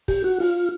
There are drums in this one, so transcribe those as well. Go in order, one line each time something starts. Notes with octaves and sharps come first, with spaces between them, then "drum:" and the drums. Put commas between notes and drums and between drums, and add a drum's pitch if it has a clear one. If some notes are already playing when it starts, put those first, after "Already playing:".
G4, drum: kick, open hi-hat
F#4
F4, drum: open hi-hat